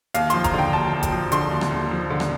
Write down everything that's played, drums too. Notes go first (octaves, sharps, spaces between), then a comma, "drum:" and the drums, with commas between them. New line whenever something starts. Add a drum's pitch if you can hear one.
D#2 F5, drum: hi-hat
F3 C6, drum: hi-hat
A#5, drum: kick F1, hi-hat
D3 G5
D#2 A5
D#2
drum: kick F1, hi-hat
F3
D3 C6, drum: hi-hat
D#2
drum: rim click
D#2
F3
D3
drum: rim click